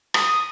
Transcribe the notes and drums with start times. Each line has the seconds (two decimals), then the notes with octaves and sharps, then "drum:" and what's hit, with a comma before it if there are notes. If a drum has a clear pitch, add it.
0.14 D#6, drum: rim click